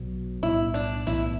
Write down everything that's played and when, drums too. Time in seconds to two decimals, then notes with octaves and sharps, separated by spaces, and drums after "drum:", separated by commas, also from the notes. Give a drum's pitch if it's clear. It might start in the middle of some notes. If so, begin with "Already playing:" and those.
Already playing: B1 B2 F#3
0.42 B1 A2 G3 B3 E4
0.74 D4, drum: hi-hat
1.07 B1 A2 E3 B3 E4, drum: hi-hat